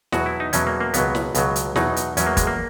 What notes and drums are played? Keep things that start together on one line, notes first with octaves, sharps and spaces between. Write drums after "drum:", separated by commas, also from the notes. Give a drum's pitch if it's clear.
E2 B2 F#3 F#4, drum: snare
E4
D#4
E2 B2 F#3 C#4, drum: hi-hat
A#3
A#3
C#2 B2 F#3 B3, drum: hi-hat
drum: snare
C#2 B2 F#3, drum: hi-hat
drum: hi-hat
E2 B2 F#3 D#4, drum: snare
drum: hi-hat
E2 B2 F#3 C#4, drum: hi-hat
A#3
G#3, drum: kick, hi-hat
A#3